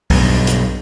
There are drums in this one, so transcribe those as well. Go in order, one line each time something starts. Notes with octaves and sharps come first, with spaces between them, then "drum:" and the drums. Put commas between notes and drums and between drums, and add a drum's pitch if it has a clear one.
B1 G2, drum: kick C2, open hi-hat
drum: hi-hat